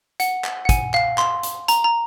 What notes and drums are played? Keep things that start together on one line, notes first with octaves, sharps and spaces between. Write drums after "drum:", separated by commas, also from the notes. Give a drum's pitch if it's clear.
F#5, drum: hi-hat
drum: clap
F#5
G#5, drum: kick, hi-hat
F5, drum: clap
C6, drum: clap
drum: hi-hat
A#5, drum: hi-hat
A#5